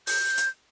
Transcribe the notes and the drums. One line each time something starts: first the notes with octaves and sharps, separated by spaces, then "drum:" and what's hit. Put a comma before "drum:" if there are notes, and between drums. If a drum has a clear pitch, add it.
G6, drum: open hi-hat
drum: hi-hat